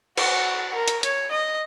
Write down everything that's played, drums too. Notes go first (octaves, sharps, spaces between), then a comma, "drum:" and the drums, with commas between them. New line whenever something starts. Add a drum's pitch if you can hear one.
F#4, drum: cymbal
A#4
drum: hi-hat
C#5, drum: hi-hat
D#5